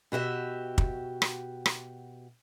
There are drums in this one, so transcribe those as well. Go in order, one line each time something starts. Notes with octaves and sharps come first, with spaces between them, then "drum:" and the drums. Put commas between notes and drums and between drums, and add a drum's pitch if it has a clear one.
B2 F#4 G4 E5
drum: kick
drum: rim click
drum: rim click